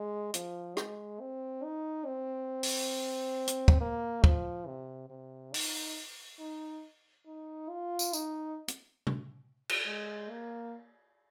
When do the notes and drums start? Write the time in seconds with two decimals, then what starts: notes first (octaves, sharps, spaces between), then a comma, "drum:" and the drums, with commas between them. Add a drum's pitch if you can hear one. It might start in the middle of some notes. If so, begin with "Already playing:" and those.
Already playing: G#3
0.34 F3, drum: hi-hat
0.77 G#3, drum: rim click
1.20 C4
1.64 D#4
2.06 C4
2.63 drum: open hi-hat
3.48 drum: hi-hat
3.68 drum: kick
3.81 A#3
4.24 F3, drum: kick
4.67 C3
5.10 C3
5.54 D#4, drum: open hi-hat
6.39 D#4
7.26 D#4
7.70 F4
7.99 drum: tambourine
8.13 D#4, drum: tambourine
8.68 drum: hi-hat
9.07 drum: tom
9.69 drum: cymbal
9.86 G#3
10.30 A#3